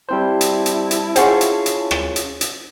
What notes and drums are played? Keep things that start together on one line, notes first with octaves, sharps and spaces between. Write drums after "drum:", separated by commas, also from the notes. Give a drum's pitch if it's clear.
G3 C4 E4 C5 A5
drum: hi-hat
drum: hi-hat
drum: hi-hat
C#4 F4 G#4 C5 C#5 F#5, drum: hi-hat
drum: hi-hat
drum: hi-hat
drum: rim click
drum: hi-hat
drum: hi-hat